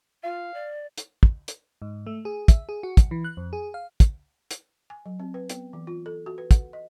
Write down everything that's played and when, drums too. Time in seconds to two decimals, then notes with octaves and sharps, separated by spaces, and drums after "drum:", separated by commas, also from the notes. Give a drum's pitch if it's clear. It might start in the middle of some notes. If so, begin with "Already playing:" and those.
0.23 F4 F5
0.54 D5
0.98 drum: hi-hat
1.23 drum: kick
1.48 drum: hi-hat
1.82 G#2
2.06 A3
2.25 G#4
2.48 E5, drum: kick, hi-hat
2.69 G#4
2.83 F#4
2.97 B1, drum: kick, hi-hat
3.11 E3
3.24 F#6
3.37 F2
3.53 G#4
3.74 F5
4.00 drum: kick, hi-hat
4.51 drum: hi-hat
4.90 G#5
5.06 F#3
5.20 C4
5.34 B4
5.49 B3, drum: hi-hat
5.73 E3
5.87 F4
6.06 A4
6.26 F#4
6.38 B4
6.51 F#5, drum: kick, hi-hat
6.73 D#5